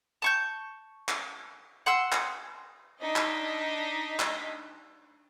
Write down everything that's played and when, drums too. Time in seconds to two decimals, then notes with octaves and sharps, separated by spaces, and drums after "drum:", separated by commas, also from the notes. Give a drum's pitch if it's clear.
0.22 A5 C#6 G6
1.09 drum: clap
1.86 F#5 C6 E6
2.12 drum: clap
3.01 D4 D#4 D#5 B6
3.16 drum: clap
4.20 drum: clap